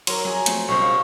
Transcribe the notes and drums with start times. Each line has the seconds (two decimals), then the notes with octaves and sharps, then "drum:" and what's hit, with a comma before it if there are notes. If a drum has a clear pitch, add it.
0.07 F#3 A#4 C6, drum: cymbal
0.25 F#3 G#4 G#5 A#5
0.46 F3 A3 C4, drum: hi-hat
0.68 B1 C#3 G3 C5 C#6
0.81 F4